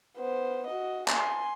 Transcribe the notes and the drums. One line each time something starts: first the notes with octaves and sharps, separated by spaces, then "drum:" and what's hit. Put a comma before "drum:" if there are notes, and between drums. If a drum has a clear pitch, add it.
B3 C5
F#4 D#5
G#5 C6, drum: clap